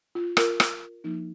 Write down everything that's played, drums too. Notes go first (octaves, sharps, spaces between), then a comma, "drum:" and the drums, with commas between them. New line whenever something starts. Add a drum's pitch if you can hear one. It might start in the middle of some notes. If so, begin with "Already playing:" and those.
F4
F4 A#4, drum: rim click
drum: rim click
F3 A#3 D#4